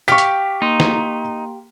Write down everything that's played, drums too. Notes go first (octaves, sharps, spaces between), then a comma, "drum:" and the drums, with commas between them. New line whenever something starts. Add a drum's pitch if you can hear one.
G4 F5 C#6 B6
drum: hi-hat
A#3 D#4 A#5 C6
drum: snare